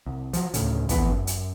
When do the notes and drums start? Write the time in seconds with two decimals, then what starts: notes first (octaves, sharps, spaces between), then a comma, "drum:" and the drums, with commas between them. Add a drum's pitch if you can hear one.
0.06 C2
0.33 F3 F#3, drum: hi-hat
0.54 D2 A2 C#3, drum: hi-hat
0.89 D1 F2 E3 B3, drum: kick, hi-hat
1.11 F#2
1.27 drum: hi-hat